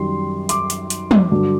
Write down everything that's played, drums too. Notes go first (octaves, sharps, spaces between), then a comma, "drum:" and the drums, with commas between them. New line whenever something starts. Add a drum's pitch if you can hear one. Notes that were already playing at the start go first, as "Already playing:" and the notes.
Already playing: F#2 D#3 G3 C6
C6 D6, drum: hi-hat
drum: hi-hat
drum: hi-hat
drum: tom
G2 D3 F#3